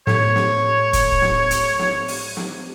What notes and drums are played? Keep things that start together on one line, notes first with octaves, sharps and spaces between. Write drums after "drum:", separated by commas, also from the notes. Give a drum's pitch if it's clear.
A2 C#5, drum: snare
drum: snare
drum: kick, hi-hat
drum: snare
drum: hi-hat
drum: snare
drum: open hi-hat
drum: snare